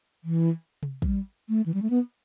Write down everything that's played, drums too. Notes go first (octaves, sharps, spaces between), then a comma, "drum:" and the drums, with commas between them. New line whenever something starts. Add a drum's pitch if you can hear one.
E3
drum: tom C3
E3, drum: kick
G3
A3
E3
G3
A3
B3